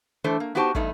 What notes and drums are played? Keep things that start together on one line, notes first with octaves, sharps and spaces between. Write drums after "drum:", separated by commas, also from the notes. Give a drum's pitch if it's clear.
E3 A3 D4 A4 C5
A#3
B3 D#4 F#4 G4 C5 A5
E2 G2 A3 D#4, drum: kick